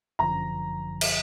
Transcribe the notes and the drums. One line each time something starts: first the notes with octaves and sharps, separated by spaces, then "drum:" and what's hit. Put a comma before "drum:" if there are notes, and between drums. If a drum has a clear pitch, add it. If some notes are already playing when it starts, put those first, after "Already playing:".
G1 F#2 D3 F3 A#5
drum: cymbal